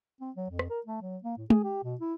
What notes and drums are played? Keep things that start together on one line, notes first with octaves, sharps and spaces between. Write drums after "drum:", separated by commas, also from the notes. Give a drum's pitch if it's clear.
C4
F#3
F2
drum: rim click
A#4
A3
F#3
A#3
A2
G#4, drum: tom
G4
B2
E4